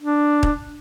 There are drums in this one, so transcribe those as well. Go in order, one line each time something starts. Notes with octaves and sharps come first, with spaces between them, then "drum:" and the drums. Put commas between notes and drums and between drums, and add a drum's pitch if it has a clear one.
D4
drum: kick